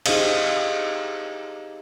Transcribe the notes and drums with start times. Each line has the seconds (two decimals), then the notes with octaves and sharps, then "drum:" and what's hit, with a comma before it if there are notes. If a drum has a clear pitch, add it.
0.06 D#4 G4 G#4 C5 D#5 F5, drum: cymbal